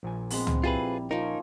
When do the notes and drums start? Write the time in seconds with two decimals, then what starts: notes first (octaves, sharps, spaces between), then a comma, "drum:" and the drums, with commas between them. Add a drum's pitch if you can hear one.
0.03 A#1 A#2 G#5
0.30 G#3 B3 C4 B4, drum: open hi-hat
0.47 drum: tom
0.64 G3 E4 F4 G#4 B4 A#5
1.11 F3 A#3 C#4 D#4 A#4